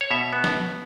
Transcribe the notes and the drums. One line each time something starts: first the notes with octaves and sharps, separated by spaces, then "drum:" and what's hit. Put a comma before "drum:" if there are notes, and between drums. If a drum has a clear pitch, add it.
C#5
B2 E5
B3
drum: snare